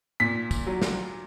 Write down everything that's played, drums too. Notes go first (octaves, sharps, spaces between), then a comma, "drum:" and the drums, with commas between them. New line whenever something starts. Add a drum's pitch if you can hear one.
A#2 B6
drum: kick, tambourine
F#3
drum: snare